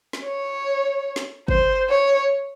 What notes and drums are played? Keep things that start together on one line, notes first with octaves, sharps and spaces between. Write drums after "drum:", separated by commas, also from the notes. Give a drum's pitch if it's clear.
drum: snare
C#5
drum: snare
C5, drum: kick G1
C#5